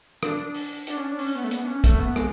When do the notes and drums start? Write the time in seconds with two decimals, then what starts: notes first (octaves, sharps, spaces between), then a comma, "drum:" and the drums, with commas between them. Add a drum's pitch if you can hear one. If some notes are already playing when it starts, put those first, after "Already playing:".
0.23 D4, drum: rim click
0.55 drum: open hi-hat
0.87 D4, drum: hi-hat
0.97 C#4
1.08 D4
1.19 C#4, drum: open hi-hat
1.35 B3
1.44 A3
1.51 B3, drum: hi-hat
1.63 D4
1.67 C#4
1.84 A3, drum: kick, hi-hat
2.00 B3
2.16 G#3, drum: rim click